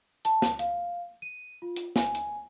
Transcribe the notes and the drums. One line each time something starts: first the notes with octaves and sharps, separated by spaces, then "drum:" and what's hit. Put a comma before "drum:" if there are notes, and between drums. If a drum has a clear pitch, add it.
A5, drum: hi-hat
drum: snare
F5, drum: hi-hat
D#7
F4
drum: hi-hat
G#5, drum: snare
drum: hi-hat